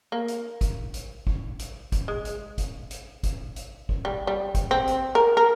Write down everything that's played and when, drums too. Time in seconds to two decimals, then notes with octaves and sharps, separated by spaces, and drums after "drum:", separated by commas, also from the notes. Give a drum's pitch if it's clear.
0.12 A#3
0.28 drum: hi-hat
0.61 drum: kick, hi-hat
0.94 drum: hi-hat
1.27 drum: kick
1.59 drum: hi-hat
1.92 drum: kick, hi-hat
2.08 G#3
2.25 drum: hi-hat
2.58 drum: kick, hi-hat
2.91 drum: hi-hat
3.23 drum: kick, hi-hat
3.56 drum: hi-hat
3.89 drum: kick
4.05 G3
4.27 G3
4.55 drum: kick, hi-hat
4.71 C4
4.87 drum: hi-hat
5.15 A#4
5.37 A#4